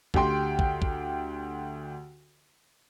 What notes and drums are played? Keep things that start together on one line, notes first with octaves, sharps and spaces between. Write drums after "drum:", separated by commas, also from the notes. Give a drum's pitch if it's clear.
D2 G4 G5 C6, drum: kick
drum: kick
drum: kick